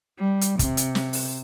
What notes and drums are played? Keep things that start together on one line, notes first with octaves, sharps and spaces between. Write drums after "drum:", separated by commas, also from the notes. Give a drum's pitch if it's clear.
G3
drum: hi-hat
C3, drum: kick, hi-hat
drum: hi-hat
drum: snare
drum: open hi-hat